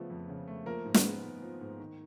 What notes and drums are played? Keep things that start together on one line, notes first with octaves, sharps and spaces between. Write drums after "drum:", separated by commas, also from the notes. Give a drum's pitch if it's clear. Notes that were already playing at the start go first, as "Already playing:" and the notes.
Already playing: C#3 F3 A3 B3
F2
C#3
A3
F3 A#3 A#4
G#2
B3 B4, drum: snare
G#3
G#2
F3
G#2
D#3